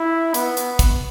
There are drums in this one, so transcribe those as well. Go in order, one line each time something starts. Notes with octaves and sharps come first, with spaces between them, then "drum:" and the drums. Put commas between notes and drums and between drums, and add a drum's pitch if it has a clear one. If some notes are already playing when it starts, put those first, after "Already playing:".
Already playing: E4
B3, drum: hi-hat
drum: hi-hat
drum: kick, hi-hat